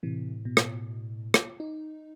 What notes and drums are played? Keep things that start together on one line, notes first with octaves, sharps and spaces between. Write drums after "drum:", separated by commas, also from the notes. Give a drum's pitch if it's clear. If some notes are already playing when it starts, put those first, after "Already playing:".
A2 C3 E3
B2
drum: rim click
drum: rim click
D#4